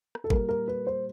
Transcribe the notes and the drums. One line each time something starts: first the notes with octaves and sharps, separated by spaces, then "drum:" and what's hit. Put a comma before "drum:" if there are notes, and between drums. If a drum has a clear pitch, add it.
drum: rim click
A4
A#2 G3 A#3 A#4, drum: kick
A#4
B4
C5